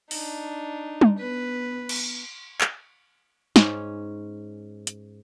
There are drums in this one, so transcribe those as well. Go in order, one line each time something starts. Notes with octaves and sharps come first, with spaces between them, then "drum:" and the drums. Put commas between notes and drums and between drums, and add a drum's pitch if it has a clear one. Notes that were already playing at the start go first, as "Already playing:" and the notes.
D4 D#4, drum: open hi-hat
drum: tom G3
B3 B4
drum: cymbal
drum: clap
G#2 C#4, drum: snare
drum: hi-hat